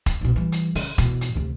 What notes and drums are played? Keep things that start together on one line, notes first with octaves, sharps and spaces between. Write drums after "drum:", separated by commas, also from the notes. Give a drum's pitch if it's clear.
drum: kick E1, hi-hat
B1 B2
E3 G3
drum: hi-hat
C#3, drum: open hi-hat
E2 B2, drum: kick E1, hi-hat
drum: hi-hat
D2 C3